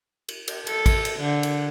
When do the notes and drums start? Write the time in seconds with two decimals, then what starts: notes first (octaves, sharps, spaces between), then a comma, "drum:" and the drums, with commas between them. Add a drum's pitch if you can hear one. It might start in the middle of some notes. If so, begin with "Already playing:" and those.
0.28 drum: cymbal
0.48 drum: cymbal
0.67 A4, drum: cymbal
0.86 drum: kick, cymbal
1.05 drum: cymbal
1.19 D3
1.43 drum: cymbal